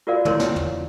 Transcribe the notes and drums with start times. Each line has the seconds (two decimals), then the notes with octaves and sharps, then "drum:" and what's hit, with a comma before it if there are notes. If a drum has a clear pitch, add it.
0.07 F4 F#4 A#4 D5 F5
0.25 E4 A#4 C#5 C6, drum: tom
0.40 drum: snare
0.56 drum: tom